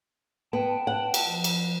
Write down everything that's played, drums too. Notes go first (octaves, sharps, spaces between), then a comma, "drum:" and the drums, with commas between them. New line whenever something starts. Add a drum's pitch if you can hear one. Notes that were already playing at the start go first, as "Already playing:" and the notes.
B3 G5 A5
F#5
drum: cymbal
F3
drum: cymbal